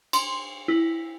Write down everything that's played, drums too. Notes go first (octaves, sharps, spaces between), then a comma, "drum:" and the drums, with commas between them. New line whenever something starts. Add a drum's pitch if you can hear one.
C6, drum: cymbal
E4